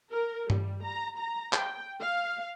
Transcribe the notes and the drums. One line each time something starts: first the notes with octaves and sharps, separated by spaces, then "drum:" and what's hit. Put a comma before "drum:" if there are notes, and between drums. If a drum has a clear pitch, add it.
A#4
G3, drum: tom G2
A#5
A#5
G5, drum: clap
F5